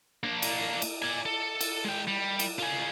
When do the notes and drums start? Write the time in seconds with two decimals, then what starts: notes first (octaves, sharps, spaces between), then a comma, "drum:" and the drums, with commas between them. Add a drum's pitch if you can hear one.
0.24 A#3 D4
0.42 drum: cymbal
0.82 drum: cymbal
1.02 D5 G#5
1.26 A4
1.61 drum: cymbal
1.84 G#3 G5
2.07 G3
2.39 drum: cymbal
2.59 F4 G#4